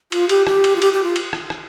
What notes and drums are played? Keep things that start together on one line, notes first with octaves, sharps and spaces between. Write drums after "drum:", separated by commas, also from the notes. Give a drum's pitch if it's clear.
F4, drum: cymbal
G4, drum: cymbal
G4, drum: rim click
drum: cymbal
F4
G4, drum: cymbal
G4
F4
drum: cymbal
drum: rim click
drum: rim click